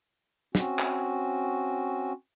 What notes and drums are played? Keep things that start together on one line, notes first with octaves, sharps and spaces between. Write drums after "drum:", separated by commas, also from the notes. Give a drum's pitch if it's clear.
C4 C#4 F#4, drum: snare
drum: clap